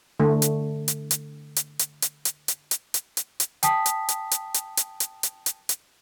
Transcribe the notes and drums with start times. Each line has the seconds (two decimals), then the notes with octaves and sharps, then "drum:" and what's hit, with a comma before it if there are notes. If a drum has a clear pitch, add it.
0.20 D3 A3
0.42 drum: hi-hat
0.88 drum: hi-hat
1.11 drum: hi-hat
1.56 drum: hi-hat
1.79 drum: hi-hat
2.02 drum: hi-hat
2.25 drum: hi-hat
2.48 drum: hi-hat
2.71 drum: hi-hat
2.94 drum: hi-hat
3.17 drum: hi-hat
3.40 drum: hi-hat
3.63 G5 A5 D#6 B6, drum: hi-hat
3.86 drum: hi-hat
4.09 drum: hi-hat
4.31 drum: hi-hat
4.54 drum: hi-hat
4.77 drum: hi-hat
5.00 drum: hi-hat
5.23 drum: hi-hat
5.46 drum: hi-hat
5.69 drum: hi-hat